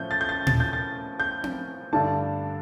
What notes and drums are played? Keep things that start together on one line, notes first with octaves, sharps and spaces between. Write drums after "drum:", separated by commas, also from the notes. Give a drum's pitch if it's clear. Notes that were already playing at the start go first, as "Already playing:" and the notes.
Already playing: A2 F3 C#4 G6
A6
G6
A6
A6, drum: tom A#2
G6
A6
G6
drum: tom C4
G2 D3 A3 D4 A5